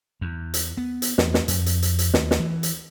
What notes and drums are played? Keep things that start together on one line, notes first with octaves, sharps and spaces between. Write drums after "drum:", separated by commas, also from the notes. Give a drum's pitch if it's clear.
E2
drum: hi-hat
B3
drum: hi-hat
E2, drum: snare
drum: snare
F2, drum: hi-hat
drum: hi-hat
drum: hi-hat
drum: hi-hat
D#2, drum: snare
drum: snare
E3
drum: hi-hat